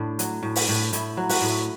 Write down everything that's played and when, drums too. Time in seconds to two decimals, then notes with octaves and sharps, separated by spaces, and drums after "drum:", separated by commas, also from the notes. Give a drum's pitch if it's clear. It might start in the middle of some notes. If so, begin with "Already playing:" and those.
Already playing: A2 D4 E4
0.19 F#3, drum: hi-hat
0.43 A2
0.56 drum: open hi-hat
0.69 A2
0.93 A2 E4, drum: hi-hat
1.17 F#3
1.29 F#4, drum: open hi-hat
1.42 A2